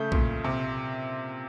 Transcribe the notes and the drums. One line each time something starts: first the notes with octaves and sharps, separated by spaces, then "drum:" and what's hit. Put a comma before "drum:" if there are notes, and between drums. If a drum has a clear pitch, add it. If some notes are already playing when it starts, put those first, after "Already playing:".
Already playing: C#3 A3 G6
A#2, drum: kick
C3